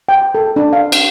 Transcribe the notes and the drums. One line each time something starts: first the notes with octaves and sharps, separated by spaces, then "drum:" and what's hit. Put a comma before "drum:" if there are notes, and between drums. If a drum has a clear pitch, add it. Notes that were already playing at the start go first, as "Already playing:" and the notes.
G5
A4
D4
F5
drum: cymbal